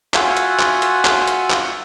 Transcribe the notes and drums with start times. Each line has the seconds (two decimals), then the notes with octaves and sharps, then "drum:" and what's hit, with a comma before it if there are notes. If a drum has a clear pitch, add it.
0.14 F4 F#4 E5 F#5 G#5, drum: clap
0.37 drum: hi-hat
0.59 drum: clap
0.82 drum: hi-hat
1.05 drum: clap
1.28 drum: hi-hat
1.50 drum: clap